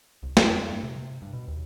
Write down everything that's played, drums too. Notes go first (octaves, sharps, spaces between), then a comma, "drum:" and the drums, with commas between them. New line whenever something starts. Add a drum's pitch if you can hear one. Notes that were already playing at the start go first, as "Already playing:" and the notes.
C2
F2, drum: snare
G#3
G2
C3
C3
G2
B2
D#2